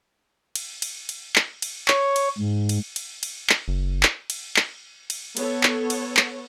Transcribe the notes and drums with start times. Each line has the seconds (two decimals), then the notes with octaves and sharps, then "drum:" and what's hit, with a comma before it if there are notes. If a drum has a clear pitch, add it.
0.55 drum: cymbal
0.82 drum: cymbal
1.09 drum: cymbal
1.36 drum: clap
1.62 drum: cymbal
1.88 C#5, drum: clap
2.16 drum: cymbal
2.38 G#2
2.69 drum: cymbal
2.96 drum: cymbal
3.23 drum: cymbal
3.49 drum: clap
3.68 F#1
4.03 drum: clap
4.30 drum: cymbal
4.56 drum: clap
5.10 drum: cymbal
5.37 B3 A4 C#5, drum: cymbal
5.63 drum: clap
5.90 drum: cymbal
6.17 drum: clap